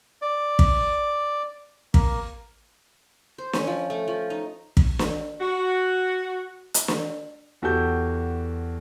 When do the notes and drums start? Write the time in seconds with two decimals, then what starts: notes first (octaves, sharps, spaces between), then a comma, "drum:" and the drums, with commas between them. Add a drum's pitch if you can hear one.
0.22 D5
0.59 drum: kick
1.94 A#3, drum: kick
3.38 C5
3.53 C#4, drum: snare
3.67 F3
3.90 A3
4.08 F3
4.30 D#4
4.77 drum: kick
4.99 drum: snare
5.40 F#4
6.74 drum: hi-hat
6.88 drum: snare
7.62 E2 F#4 G4 A4 G6